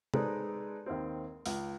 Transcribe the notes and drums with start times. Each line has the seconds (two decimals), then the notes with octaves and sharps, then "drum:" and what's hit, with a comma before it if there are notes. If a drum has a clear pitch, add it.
0.14 G#3 D#4 A4 B4 C5 D5, drum: tom
0.86 D#2 C4
1.46 C#2, drum: open hi-hat